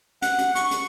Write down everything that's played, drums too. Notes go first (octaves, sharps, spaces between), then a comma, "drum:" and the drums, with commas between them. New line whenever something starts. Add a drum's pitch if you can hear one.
F#5, drum: hi-hat
drum: hi-hat
C#6, drum: hi-hat
drum: hi-hat